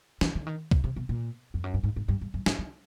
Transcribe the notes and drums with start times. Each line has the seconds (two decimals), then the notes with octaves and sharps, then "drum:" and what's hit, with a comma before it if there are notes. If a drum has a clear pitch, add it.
0.21 E3, drum: snare
0.35 D3
0.47 D#3
0.71 C#3, drum: kick C2
0.84 C3
0.96 B2
1.09 A#2
1.54 F2
1.64 F#2
1.74 G2
1.83 G#2
1.96 G#2
2.08 G2
2.21 G2
2.34 F#2
2.46 A2, drum: snare
2.59 D3